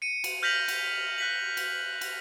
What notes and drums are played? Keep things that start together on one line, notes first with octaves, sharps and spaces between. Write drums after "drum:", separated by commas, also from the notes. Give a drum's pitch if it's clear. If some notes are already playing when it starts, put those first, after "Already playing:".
C#7 D#7
drum: cymbal
F6 G6 A#6 B6 F7 F#7
drum: cymbal
F#6 B6 F#7
drum: cymbal
drum: cymbal